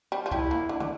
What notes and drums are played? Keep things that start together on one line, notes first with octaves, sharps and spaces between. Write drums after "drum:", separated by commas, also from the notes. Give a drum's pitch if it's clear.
G3
F3
G3 E4, drum: kick
A#3
D3
D3, drum: tom